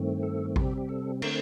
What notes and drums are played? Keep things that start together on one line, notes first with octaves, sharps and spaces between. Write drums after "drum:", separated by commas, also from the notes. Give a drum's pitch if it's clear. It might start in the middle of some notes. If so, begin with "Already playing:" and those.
Already playing: G2 D#3 A3 C4
A4
C3 G3 C4 G4, drum: kick A1
G4
A4
D3 A3 C4 A#4, drum: cymbal